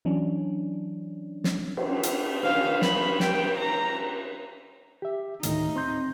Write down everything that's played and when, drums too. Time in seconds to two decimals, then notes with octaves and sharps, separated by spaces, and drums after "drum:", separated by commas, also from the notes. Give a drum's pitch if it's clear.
0.05 E3 F#3 C#4 D4
1.44 drum: snare
1.77 drum: cymbal
2.03 drum: hi-hat
2.43 F5, drum: cymbal
2.82 B5, drum: snare
3.20 G5, drum: snare
3.58 A#5
5.02 G4 E5
5.43 D2 A2 D#3 D#4, drum: hi-hat
5.76 C4 C6 G6